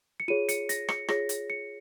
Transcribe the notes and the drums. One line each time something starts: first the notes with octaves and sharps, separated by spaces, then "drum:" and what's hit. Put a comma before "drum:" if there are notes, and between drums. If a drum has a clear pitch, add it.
C#7
F4 G#4 C#5 D#7
C#7, drum: hi-hat
A#6, drum: hi-hat
C#7, drum: rim click
F4 G#4 C#5 A#6, drum: rim click
drum: hi-hat
C#7